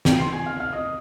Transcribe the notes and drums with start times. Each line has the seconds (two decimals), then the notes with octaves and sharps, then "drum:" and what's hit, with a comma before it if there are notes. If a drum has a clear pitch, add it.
0.05 G5 G6, drum: snare
0.19 C6 C7
0.33 G#5 G#6
0.46 F5 F6
0.60 F5 F6
0.73 D#5 D#6